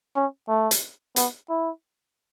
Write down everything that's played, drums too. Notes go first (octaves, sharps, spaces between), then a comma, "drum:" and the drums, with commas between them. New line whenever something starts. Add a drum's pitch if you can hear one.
C#4
A3
drum: hi-hat
B3, drum: hi-hat
E4